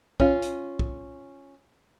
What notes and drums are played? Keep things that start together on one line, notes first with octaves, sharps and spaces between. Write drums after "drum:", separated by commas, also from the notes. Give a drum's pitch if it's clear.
C#4 F4, drum: kick
drum: hi-hat
drum: kick